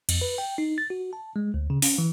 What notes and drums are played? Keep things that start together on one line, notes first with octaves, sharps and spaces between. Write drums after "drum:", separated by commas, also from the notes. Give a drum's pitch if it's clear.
F2, drum: cymbal
B4
G5
D#4
A6
F#4
A5
G#3
D2
C#3
C#4, drum: open hi-hat
E3